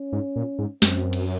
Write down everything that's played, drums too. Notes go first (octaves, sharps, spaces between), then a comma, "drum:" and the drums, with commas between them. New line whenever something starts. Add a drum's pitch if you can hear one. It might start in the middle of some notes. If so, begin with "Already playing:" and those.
Already playing: C#4
G#2
A#2
G#2
F#2 C4, drum: snare
drum: cymbal